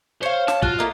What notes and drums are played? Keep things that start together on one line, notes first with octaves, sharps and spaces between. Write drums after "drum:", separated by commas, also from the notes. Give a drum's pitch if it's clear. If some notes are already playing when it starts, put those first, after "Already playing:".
C5 C#5 F5
A5, drum: snare
F4 F#4, drum: kick
A3 A#3 D#5